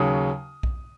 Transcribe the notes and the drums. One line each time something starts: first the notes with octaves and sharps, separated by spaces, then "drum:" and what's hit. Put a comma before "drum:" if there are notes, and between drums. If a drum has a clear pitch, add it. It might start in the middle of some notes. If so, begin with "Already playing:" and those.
Already playing: D#2 C#3 F#3 D#6
drum: kick B1